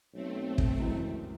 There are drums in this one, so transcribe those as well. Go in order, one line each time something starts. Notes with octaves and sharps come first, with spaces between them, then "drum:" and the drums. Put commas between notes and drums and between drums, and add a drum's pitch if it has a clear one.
B1 A3 C4
drum: kick
C#2 F#2 E3